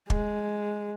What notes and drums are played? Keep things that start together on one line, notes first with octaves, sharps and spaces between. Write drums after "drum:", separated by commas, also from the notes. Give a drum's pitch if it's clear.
G#3, drum: kick